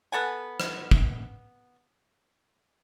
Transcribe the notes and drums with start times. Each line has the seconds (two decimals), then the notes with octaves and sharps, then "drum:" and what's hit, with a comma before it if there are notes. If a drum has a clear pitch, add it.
0.12 B3 A4 F#5 G#5
0.60 drum: rim click
0.91 drum: kick